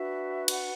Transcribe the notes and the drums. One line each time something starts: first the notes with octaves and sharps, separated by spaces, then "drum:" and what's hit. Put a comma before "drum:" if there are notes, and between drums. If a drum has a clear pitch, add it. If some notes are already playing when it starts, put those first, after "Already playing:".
Already playing: D4 F#4 B4 E5
F#5, drum: cymbal